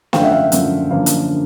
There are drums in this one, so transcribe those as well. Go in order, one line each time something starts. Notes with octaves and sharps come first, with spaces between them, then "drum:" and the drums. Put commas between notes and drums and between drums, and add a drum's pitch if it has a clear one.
F#2 D3 F3 A3 F5 G5, drum: snare
E5 F#5
F5
E5
F#2 D3 F3 A3, drum: hi-hat
F#2 D3 F3 A#3 F5
drum: hi-hat
D3